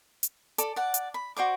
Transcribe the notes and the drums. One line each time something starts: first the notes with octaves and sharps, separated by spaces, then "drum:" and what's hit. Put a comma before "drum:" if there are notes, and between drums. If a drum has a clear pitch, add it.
drum: hi-hat
A4 D5 D6, drum: hi-hat
D5 F#5
drum: hi-hat
B5
F#4 C5 D5 D6